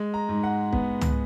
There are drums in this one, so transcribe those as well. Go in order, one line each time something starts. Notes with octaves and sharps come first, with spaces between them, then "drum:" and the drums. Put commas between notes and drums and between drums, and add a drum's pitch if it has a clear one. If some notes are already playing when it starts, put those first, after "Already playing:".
Already playing: G#3
A#5
G#2
F#5
B3, drum: kick
drum: tom